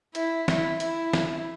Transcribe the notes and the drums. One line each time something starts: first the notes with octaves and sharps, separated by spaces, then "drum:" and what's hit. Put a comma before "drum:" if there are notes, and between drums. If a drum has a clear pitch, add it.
E4, drum: hi-hat
E4, drum: snare
E4, drum: hi-hat
drum: snare